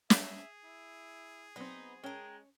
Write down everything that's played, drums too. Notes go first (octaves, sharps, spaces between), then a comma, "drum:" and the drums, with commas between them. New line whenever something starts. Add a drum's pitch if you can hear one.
G#4 E5, drum: snare
E4
F#3 B3 C4 D#4
G#3 C#4 A#4 G5 A5